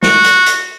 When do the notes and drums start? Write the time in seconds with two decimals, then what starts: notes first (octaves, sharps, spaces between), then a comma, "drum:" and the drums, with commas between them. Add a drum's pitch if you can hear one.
0.03 F#4, drum: snare
0.24 drum: hi-hat
0.46 drum: hi-hat